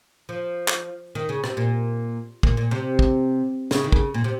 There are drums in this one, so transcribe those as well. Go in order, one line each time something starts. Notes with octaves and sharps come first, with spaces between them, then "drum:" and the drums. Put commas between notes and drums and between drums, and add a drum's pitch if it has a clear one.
F3
drum: clap
D#3
C#3
C3, drum: rim click
A#2
A#2, drum: kick
A#2
C3
drum: kick
C#3, drum: snare
D#3
C#3, drum: kick
A#2
C3